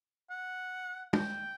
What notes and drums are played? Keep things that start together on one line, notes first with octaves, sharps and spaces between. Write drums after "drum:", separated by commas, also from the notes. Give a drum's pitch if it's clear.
F#5
G5, drum: tom